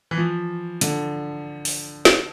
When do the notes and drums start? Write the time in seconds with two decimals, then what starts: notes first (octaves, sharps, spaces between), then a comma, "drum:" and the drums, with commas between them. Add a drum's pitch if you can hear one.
0.11 E3
0.18 F3
0.81 D3, drum: hi-hat
1.65 drum: open hi-hat
2.05 drum: snare